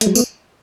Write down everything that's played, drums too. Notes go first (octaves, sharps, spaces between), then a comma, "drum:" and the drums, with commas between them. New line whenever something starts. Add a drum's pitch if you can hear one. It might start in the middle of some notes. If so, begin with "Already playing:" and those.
A3, drum: hi-hat
F#3 G#3
A3 B3, drum: tambourine